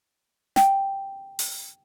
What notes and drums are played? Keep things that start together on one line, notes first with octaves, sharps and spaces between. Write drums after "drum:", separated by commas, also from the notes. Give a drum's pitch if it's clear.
G5, drum: snare
drum: open hi-hat